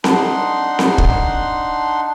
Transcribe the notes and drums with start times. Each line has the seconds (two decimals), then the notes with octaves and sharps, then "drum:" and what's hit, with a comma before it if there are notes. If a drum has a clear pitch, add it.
0.04 D4 D#4 F#5 C6, drum: snare C4
0.79 drum: snare C4
0.98 drum: kick